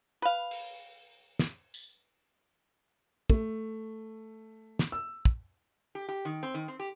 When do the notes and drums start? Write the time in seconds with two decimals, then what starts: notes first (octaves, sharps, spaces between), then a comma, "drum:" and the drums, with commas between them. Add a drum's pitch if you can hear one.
0.22 B4 F5
0.51 drum: open hi-hat
1.39 drum: snare
1.74 drum: tambourine
3.30 A3, drum: kick
4.79 drum: snare
4.92 E6
5.25 drum: kick
5.95 G4
6.09 G4
6.25 D#3
6.43 C4
6.54 D#3
6.68 C4
6.80 G4